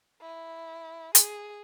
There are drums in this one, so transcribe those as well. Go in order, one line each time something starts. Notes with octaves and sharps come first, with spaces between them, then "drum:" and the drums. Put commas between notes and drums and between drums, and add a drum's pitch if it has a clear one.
E4
G#4, drum: hi-hat